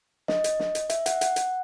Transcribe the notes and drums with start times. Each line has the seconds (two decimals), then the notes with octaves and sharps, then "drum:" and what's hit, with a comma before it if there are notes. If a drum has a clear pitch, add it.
0.28 D#5, drum: snare
0.44 drum: hi-hat
0.60 drum: snare
0.75 drum: hi-hat
0.90 E5, drum: hi-hat
1.06 F#5, drum: hi-hat
1.21 F#5, drum: hi-hat
1.36 drum: hi-hat